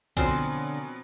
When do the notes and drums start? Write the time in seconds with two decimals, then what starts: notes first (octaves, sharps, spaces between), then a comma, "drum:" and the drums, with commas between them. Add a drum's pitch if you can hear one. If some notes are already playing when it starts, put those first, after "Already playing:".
0.17 B2 D3 F3 F#3 C4 G#5 F6, drum: kick B1